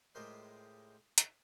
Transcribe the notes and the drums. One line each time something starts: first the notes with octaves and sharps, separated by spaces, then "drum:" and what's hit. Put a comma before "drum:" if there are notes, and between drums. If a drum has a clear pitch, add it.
A2 G#3 F4 G4 A#4 C5
drum: hi-hat